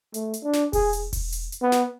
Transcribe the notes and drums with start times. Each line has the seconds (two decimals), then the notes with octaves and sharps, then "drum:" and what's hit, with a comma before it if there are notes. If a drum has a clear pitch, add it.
0.14 A3, drum: hi-hat
0.34 drum: hi-hat
0.43 D4
0.53 drum: snare
0.73 G#4, drum: kick E1, open hi-hat
0.93 drum: hi-hat
1.13 drum: kick E1, open hi-hat
1.32 drum: hi-hat
1.52 drum: hi-hat
1.62 B3
1.72 drum: snare